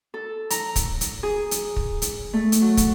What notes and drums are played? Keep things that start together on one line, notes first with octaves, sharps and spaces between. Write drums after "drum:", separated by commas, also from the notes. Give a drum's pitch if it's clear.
A4
A#5, drum: hi-hat
drum: kick, hi-hat
drum: hi-hat
G#4
drum: hi-hat
drum: kick
drum: hi-hat
A3
drum: hi-hat
F#3
drum: kick, hi-hat